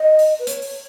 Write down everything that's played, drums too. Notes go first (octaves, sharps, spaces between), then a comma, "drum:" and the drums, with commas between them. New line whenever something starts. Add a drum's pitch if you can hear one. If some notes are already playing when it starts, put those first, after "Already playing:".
Already playing: D#5
drum: open hi-hat
B4
C#5, drum: hi-hat
drum: open hi-hat